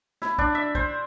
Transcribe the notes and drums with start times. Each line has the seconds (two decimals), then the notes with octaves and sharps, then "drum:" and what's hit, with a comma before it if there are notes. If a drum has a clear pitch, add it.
0.22 E4, drum: snare
0.38 D4, drum: kick
0.55 E5
0.75 C5, drum: kick